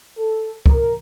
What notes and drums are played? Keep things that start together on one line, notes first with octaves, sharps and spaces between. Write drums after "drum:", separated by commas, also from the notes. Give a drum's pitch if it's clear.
A4
A#4, drum: kick